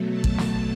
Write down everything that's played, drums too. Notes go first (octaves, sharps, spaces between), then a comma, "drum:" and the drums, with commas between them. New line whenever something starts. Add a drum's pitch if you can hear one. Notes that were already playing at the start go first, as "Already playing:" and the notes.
Already playing: B2 F#3 A3
A5
drum: kick
drum: snare